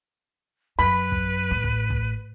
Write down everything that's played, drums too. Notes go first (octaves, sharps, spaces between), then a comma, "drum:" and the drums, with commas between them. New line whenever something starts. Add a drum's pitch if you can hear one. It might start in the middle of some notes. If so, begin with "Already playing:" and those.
F#2 B4 B5
drum: kick
A2
drum: kick
drum: kick